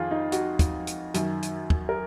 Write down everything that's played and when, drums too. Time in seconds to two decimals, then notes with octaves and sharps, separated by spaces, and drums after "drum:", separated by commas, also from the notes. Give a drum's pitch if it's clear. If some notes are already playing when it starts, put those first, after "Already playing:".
Already playing: F2 D#3 F4 G#4
0.11 D#4
0.32 F#4, drum: hi-hat
0.59 drum: kick, hi-hat
0.87 drum: hi-hat
1.14 F#2 D#3, drum: hi-hat
1.43 drum: hi-hat
1.70 drum: kick
1.89 A#4